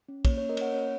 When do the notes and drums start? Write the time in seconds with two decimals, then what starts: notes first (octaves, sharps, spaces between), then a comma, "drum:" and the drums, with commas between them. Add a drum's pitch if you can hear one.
0.08 C#4
0.25 A#3 C#5, drum: kick, cymbal
0.37 C#4 C#5
0.49 A#4 D#5
0.57 A#3 C#5 F#5, drum: cymbal
0.74 C#4 C#5